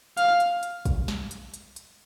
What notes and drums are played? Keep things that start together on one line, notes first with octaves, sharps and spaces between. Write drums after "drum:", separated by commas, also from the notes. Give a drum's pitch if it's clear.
F5, drum: hi-hat
drum: hi-hat
drum: hi-hat
drum: kick, hi-hat
drum: snare
drum: hi-hat
drum: hi-hat
drum: hi-hat